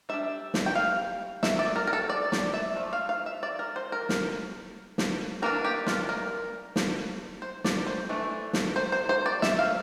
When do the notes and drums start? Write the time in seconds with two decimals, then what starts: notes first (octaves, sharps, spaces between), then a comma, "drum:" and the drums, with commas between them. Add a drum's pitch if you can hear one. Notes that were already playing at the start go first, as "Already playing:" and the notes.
0.09 G3 D4 E5
0.54 drum: snare
0.66 G5
0.75 F5
1.43 E5, drum: snare
1.59 D5
1.76 A#4
1.87 A#4
1.93 A4
2.09 D5
2.32 D5, drum: snare
2.54 E5
2.76 F3 A3
2.93 F5
3.09 F5
3.26 E5
3.43 D5
3.59 A#4
3.76 C5
3.92 A#4
4.09 drum: snare
4.98 drum: snare
5.42 E3 A#3 D4 A#4
5.65 G4
5.87 F4, drum: snare
6.09 A#4
6.76 drum: snare
7.42 C5
7.64 D5, drum: snare
7.86 C5
8.09 E3 A3 D4
8.53 drum: snare
8.76 C5
8.92 C5
9.09 C5
9.26 D5
9.42 E5, drum: snare
9.59 F5